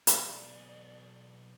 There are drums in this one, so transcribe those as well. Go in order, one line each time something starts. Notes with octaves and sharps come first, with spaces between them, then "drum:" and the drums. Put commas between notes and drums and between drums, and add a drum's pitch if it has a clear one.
B1 G#4 D5, drum: hi-hat